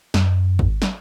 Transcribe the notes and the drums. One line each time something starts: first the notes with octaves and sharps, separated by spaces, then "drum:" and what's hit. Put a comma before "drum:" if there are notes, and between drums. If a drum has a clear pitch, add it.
F#2, drum: snare
drum: kick G#1
drum: snare